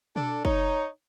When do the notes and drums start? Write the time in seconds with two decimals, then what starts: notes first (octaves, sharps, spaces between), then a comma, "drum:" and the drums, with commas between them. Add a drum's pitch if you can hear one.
0.16 D4 A4, drum: tom B2
0.45 D#4 C#5, drum: kick